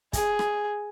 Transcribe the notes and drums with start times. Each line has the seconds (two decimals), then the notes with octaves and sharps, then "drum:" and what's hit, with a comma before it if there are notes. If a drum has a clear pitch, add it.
0.13 G#4, drum: kick, hi-hat
0.39 drum: rim click